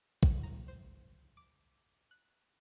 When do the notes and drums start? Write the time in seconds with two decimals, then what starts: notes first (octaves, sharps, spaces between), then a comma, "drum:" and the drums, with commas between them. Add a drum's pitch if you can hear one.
0.23 G5, drum: kick
0.43 A#5
0.68 C5
1.37 D6
2.11 F#6